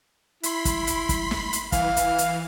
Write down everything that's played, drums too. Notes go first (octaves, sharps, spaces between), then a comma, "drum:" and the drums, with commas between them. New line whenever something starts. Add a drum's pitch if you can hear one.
E4 B5 C6 B6, drum: hi-hat
drum: kick, hi-hat
drum: hi-hat
drum: kick, hi-hat
drum: snare
drum: hi-hat
E3 F5, drum: kick, hi-hat
drum: hi-hat
drum: hi-hat